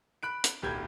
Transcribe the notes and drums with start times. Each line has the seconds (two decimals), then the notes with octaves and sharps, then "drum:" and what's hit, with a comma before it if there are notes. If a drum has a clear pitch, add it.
0.23 B5 F#6 D7
0.44 drum: hi-hat
0.62 D1 B1 G4 B5 G6 G#6